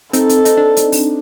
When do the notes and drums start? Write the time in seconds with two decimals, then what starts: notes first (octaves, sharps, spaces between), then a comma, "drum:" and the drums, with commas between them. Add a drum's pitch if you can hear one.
0.13 C4 D#4 A4, drum: hi-hat
0.29 drum: hi-hat
0.45 D#4, drum: hi-hat
0.57 D4
0.77 drum: hi-hat
0.92 drum: open hi-hat